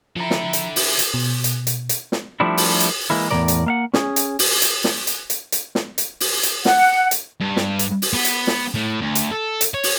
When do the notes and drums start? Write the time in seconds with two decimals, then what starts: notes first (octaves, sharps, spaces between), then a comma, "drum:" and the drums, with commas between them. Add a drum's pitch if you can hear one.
0.16 D3 F3 E4 A4 G5 A#5
0.31 drum: snare
0.53 drum: hi-hat
0.76 drum: open hi-hat
0.99 drum: hi-hat
1.14 B2
1.44 drum: hi-hat
1.67 drum: hi-hat
1.89 drum: hi-hat
2.12 drum: snare
2.40 F3 G3 A3 D4 E4
2.57 drum: open hi-hat
2.80 drum: hi-hat
3.10 E3 G#3 A#3 E4
3.30 E2 A2 F3 A#4 D5
3.48 drum: hi-hat
3.66 A#3 F5 F#5
3.94 C#4 G#4, drum: snare
4.16 drum: hi-hat
4.39 drum: open hi-hat
4.62 drum: hi-hat
4.84 drum: snare
5.07 drum: hi-hat
5.30 drum: hi-hat
5.52 drum: hi-hat
5.75 drum: snare
5.98 drum: hi-hat
6.20 drum: open hi-hat
6.43 drum: hi-hat
6.65 F#5, drum: snare
7.11 drum: hi-hat
7.40 G2
7.57 drum: snare
7.79 drum: hi-hat
8.02 drum: open hi-hat
8.13 B3
8.25 drum: hi-hat
8.47 drum: snare
8.75 A2
9.01 D2
9.15 drum: hi-hat
9.31 A4
9.61 drum: hi-hat
9.74 C#5
9.83 drum: open hi-hat